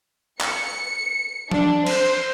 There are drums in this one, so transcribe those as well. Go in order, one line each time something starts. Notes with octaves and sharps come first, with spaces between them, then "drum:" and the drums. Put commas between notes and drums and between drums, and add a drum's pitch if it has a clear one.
C#7, drum: clap
D4, drum: tom F3
C5, drum: cymbal